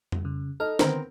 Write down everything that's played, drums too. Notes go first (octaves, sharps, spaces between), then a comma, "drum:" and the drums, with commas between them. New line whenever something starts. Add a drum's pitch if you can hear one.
drum: tom F2
C#3
D#4 A4 F6
D3 D#3 B3 C4 A#4 C5, drum: snare